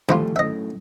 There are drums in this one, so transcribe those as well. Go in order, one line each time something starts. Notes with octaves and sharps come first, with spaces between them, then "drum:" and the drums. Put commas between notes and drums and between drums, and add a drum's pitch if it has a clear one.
C3 F3 G3 A3 E4 F4, drum: tom D#3
F#2 A2 D#5 E5